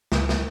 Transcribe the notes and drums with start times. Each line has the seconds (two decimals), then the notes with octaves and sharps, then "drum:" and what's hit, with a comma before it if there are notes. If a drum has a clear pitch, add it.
0.12 C#2, drum: snare
0.29 drum: snare